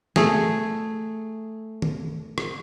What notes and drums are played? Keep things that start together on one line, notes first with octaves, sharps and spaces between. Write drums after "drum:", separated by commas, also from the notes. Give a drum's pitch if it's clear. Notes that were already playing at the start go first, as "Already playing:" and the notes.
A3 G#4, drum: snare
drum: tom
drum: rim click